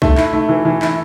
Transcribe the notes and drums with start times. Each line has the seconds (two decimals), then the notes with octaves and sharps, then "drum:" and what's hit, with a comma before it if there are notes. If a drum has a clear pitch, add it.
0.02 A3, drum: kick C2
0.17 E4, drum: clap
0.33 A3
0.49 E3
0.65 E3
0.82 E4, drum: clap